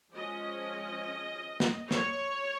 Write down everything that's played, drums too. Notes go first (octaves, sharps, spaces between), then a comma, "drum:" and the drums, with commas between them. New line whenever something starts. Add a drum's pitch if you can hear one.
F3 G#3 C#4 D#5
drum: snare
C#5, drum: snare